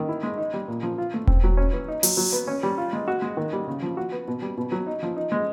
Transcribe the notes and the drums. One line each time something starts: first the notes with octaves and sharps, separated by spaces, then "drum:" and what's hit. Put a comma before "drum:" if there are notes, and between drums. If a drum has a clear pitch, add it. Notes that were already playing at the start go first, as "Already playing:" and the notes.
Already playing: D#3
E4
G#3
D#4
G3
A#2
F3
F4
A3
C4, drum: kick E1
F#3
C#4
E3
D#4
F#3, drum: open hi-hat
F#3
B3
C#4
G3
F4
G#3
F#4
G#3
D#3
G3
C#3
F3
F#4
B3
B2
G3
B2
F#3
D#4
F3
D#4
G#3